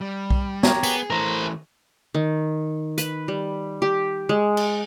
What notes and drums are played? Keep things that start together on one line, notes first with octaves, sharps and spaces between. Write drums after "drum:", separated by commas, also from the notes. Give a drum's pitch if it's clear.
G3
drum: kick B1
G4 A#4 C#5, drum: snare
B3 G#4, drum: tambourine
E3 A3 A#4 C5 A#5
D#3
B4, drum: hi-hat
G3
G4
G#3
drum: cymbal